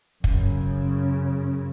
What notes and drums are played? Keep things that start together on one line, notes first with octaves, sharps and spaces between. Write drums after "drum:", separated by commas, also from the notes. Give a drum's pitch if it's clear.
F#2 C#3, drum: kick